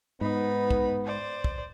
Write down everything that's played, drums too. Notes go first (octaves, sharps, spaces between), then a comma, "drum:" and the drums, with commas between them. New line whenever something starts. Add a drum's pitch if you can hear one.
G#2 B3 D#4 B5
drum: kick
C5 D5
drum: kick